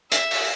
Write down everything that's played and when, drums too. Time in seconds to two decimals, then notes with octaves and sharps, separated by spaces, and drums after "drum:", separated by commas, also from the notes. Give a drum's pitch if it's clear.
0.12 E5, drum: hi-hat
0.31 drum: open hi-hat